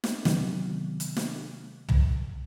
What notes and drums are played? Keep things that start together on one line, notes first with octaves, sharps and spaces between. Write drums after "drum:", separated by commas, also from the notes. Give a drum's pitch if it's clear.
drum: snare
C3 D#3 F#3 B3, drum: snare
drum: hi-hat
drum: snare
drum: tom